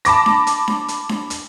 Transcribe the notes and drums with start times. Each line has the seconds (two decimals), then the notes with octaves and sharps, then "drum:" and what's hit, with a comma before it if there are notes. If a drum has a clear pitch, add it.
0.05 A5 B5 D6 A#6, drum: hi-hat
0.26 drum: snare D4
0.47 drum: hi-hat
0.68 drum: snare D4
0.88 drum: hi-hat
1.09 drum: snare D4
1.30 drum: hi-hat